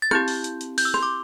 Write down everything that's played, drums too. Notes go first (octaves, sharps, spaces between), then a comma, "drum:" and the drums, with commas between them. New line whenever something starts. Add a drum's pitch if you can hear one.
A6
C4 E4 G4 G6, drum: rim click
drum: open hi-hat
drum: hi-hat
drum: hi-hat
G6, drum: open hi-hat
E6
C6, drum: rim click
D6